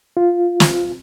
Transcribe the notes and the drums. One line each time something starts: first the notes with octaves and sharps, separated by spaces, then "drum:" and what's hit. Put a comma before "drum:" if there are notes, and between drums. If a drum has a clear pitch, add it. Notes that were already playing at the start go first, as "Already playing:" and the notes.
F4
drum: snare